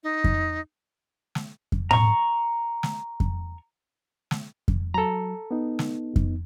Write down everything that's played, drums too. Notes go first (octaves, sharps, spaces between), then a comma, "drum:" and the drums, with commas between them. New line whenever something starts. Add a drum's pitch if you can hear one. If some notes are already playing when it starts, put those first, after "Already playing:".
D#4
drum: kick F2
drum: snare
drum: kick F2
A#5 C#6, drum: tom A2
drum: snare
drum: kick F2
drum: snare
drum: kick F2
F#3 A4 A#5
B3 D#4
drum: snare
drum: kick F2